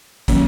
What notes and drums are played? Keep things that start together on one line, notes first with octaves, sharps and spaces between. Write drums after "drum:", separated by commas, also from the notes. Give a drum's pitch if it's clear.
D#3 F#3 A#3 C#4, drum: kick, hi-hat